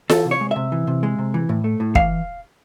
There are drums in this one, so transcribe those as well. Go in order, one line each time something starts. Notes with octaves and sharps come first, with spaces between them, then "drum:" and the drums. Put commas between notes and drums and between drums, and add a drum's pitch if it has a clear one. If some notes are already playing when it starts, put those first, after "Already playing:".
E3 A4, drum: snare F4
C3
C#5
G#3
C3 E5
E3
C3
G#3
C3
E3
A2
A3
A2
E3 F5, drum: kick